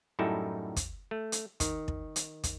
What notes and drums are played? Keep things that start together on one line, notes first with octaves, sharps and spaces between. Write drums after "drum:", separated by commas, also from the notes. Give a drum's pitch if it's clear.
F#2 A2 G3 D#4 E4 A4
drum: kick, hi-hat
A3
drum: hi-hat
D#3, drum: kick, hi-hat
drum: kick
drum: hi-hat
drum: kick, hi-hat